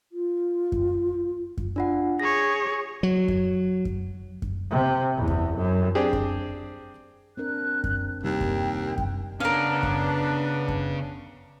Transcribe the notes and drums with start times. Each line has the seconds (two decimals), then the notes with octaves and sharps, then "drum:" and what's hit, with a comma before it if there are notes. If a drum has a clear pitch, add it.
0.12 F4
0.72 drum: kick F#2
1.58 drum: kick F#2
1.76 D4 F4 F#5
2.20 G#4 C#5 A#6
3.03 F#3
3.28 drum: kick F#2
3.85 drum: kick F#2
4.42 drum: kick F#2
4.71 C3
5.17 E2
5.28 drum: kick F#2
5.57 F#2
5.95 C4 D4 G4 G#4
6.13 drum: kick F#2
7.37 C4 D4 A#4 F#6
7.84 drum: kick F#2
8.24 D#2 C3 G3 G5
8.41 drum: kick F#2
8.98 drum: kick F#2
9.40 C#3 B3 C#4 D4 A#4 F5
9.83 drum: kick F#2
10.68 drum: kick F#2